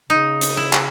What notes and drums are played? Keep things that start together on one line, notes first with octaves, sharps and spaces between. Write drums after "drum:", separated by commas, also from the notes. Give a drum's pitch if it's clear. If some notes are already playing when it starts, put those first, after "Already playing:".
C#3 D#4
drum: hi-hat
E4
drum: clap